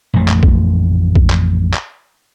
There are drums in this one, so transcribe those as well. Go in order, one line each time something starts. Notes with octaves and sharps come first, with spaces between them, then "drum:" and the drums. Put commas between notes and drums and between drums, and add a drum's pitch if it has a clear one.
A1 F2 A#2 A3
drum: clap
drum: kick A#1
drum: kick A#1
drum: clap
drum: clap